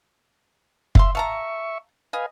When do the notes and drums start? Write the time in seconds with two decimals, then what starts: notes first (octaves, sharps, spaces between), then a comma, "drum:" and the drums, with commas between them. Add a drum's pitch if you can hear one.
0.95 E5 F5 C6, drum: kick
1.15 E5 F5 A5 A#5 C#6
2.13 B4 D#5 F5 G#5